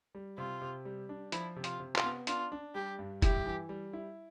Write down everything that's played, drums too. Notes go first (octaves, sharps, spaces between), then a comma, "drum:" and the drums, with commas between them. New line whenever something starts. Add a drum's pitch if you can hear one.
G3
C3 F4
C3
G3
D4
F3 E4, drum: hi-hat
C3
F4, drum: hi-hat
C3
F4, drum: clap
B3
D4 F4, drum: hi-hat
D4
G3 G4
G2
E4 G4, drum: kick, hi-hat
E3
G3
E4